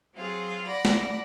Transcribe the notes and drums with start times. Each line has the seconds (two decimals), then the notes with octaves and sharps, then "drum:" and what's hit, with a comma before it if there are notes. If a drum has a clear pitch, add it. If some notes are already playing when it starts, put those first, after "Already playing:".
0.15 F#3 C4 F4 G#4
0.66 D5 F#5 B5 A#6
0.85 drum: snare